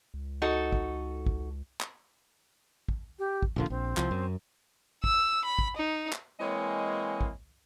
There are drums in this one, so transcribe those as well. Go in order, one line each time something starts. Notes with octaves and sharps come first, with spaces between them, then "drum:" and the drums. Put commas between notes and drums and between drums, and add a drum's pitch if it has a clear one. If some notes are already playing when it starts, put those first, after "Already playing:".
C#2
D#4 F#4 A4
drum: kick
drum: kick
drum: clap
drum: kick
G4
drum: kick
D#1 A#1 D3 F4
A#1 C4
C2 F3, drum: clap
F#2
E6, drum: kick
B5
drum: kick
D#4
drum: clap
E3 G#3 A#3 C4 C#5 D#5
drum: kick